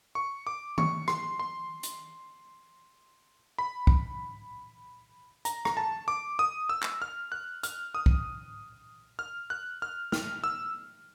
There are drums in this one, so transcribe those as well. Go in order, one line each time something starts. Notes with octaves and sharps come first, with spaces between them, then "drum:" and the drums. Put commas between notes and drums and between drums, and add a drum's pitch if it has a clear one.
C#6
D6
C#6, drum: tom D#3
C6, drum: rim click
C6
drum: hi-hat
B5
drum: kick
A#5, drum: hi-hat
A#5, drum: rim click
A5
D6
D#6
E6
drum: clap
F6
F#6
F6, drum: hi-hat
D#6
drum: kick
F6
F#6
F6
F6, drum: snare
E6